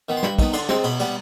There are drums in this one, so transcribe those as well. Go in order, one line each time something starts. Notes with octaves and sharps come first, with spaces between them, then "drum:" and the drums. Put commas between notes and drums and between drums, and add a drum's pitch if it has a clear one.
D#3 B3
C6
G2 B5, drum: snare
D#3 B3, drum: kick, cymbal
D3 C6, drum: cymbal
G#3 C4 C6, drum: snare
B2 B5, drum: cymbal
G3 B3, drum: cymbal